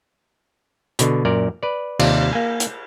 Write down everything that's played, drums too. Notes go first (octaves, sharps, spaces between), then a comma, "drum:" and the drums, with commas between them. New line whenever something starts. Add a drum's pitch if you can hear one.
B2 D3, drum: hi-hat
F#2 A#2 A#4 D5
B4 D5
D#2 C3 F4 D5, drum: cymbal
A#3 G#5
drum: hi-hat